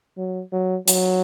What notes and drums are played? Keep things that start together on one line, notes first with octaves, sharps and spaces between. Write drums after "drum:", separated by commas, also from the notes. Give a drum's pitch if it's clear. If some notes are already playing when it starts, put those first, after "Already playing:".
F#3
F#3
F#3, drum: hi-hat